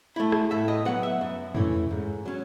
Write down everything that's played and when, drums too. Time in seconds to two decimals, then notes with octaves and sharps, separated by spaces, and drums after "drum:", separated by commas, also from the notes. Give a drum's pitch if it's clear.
0.16 A3 E4
0.32 drum: rim click
0.51 A2 E5
0.68 D#5
0.85 F#3 B3 F#5
1.03 E5
1.21 F#2
1.55 E3 A3 C#4 E4, drum: tom
1.91 G#2
2.25 F#3 C#4